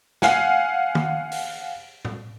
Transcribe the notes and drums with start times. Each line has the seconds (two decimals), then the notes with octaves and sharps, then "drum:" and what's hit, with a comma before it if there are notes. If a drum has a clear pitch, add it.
0.22 F5 F#5 G#5, drum: snare
0.95 drum: tom
1.32 drum: open hi-hat
2.05 drum: tom A2